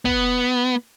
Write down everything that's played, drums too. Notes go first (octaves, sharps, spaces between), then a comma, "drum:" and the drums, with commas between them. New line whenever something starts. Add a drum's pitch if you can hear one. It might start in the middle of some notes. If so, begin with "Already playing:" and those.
B3, drum: kick